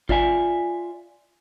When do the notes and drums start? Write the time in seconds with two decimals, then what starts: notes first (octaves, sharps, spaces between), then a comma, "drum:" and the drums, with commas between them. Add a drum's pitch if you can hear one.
0.09 F4 D5 E5 G#5, drum: kick G#1